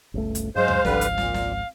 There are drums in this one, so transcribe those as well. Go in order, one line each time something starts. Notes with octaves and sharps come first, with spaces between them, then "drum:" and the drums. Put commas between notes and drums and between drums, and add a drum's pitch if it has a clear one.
G1 C#2 A3
drum: hi-hat
G2 F#3 G#3 C5 F5
drum: tom D2
G#1 C#2 D3 F3 G3 B4, drum: snare
drum: hi-hat
A#2, drum: snare
drum: snare